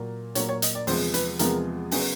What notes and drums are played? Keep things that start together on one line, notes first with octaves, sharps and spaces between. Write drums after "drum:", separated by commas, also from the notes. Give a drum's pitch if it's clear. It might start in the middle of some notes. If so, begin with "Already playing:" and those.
Already playing: A#2 F#3 A#3
A#2 F#3 A#3 C#5, drum: hi-hat
C#5
D#5, drum: hi-hat
D5
E2 C3 F3 G#3 B3 C5, drum: open hi-hat
B4, drum: hi-hat
E2 C3 F3 G#3 B3 A#4, drum: hi-hat
C#3 F#3 B3 G#4, drum: open hi-hat